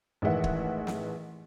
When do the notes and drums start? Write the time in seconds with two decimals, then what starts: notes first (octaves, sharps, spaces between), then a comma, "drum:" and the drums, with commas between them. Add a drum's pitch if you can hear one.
0.22 A1 D#3 E3 G#3 E5 F#5
0.44 drum: kick
0.87 drum: snare